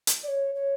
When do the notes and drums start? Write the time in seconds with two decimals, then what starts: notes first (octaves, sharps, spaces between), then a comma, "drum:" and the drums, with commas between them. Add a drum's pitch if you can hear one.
0.07 drum: hi-hat
0.23 D5
0.28 C#5
0.55 C#5